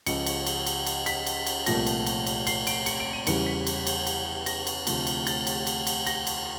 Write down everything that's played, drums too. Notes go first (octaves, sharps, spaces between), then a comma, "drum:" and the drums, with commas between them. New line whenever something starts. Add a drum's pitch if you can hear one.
C#2 C#3 F3 C#7, drum: cymbal
drum: cymbal
drum: cymbal
drum: cymbal
drum: cymbal
B6, drum: cymbal
drum: cymbal
drum: cymbal
C2 A#2 F3 A3 A#6, drum: cymbal
drum: cymbal
drum: cymbal
drum: cymbal
C7, drum: cymbal
D7, drum: cymbal
C#7, drum: cymbal
D7
D#7
E2 C#3 E3 G3 C#7, drum: cymbal
B6
drum: cymbal
drum: cymbal
drum: cymbal
A#6, drum: cymbal
drum: cymbal
D2 C3 F3 A3, drum: cymbal
drum: cymbal
A6, drum: cymbal
drum: cymbal
drum: cymbal
drum: cymbal
A#6, drum: cymbal
drum: cymbal